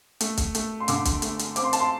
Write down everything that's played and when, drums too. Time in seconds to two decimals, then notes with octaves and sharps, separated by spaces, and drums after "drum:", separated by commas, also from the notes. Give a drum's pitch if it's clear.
0.20 A3, drum: hi-hat
0.37 drum: kick, hi-hat
0.55 A3, drum: hi-hat
0.80 C6
0.88 D3 D6, drum: hi-hat
1.05 drum: kick, hi-hat
1.22 A3, drum: hi-hat
1.39 drum: hi-hat
1.56 C4 D6, drum: hi-hat
1.64 C6
1.73 A5, drum: hi-hat
1.80 C6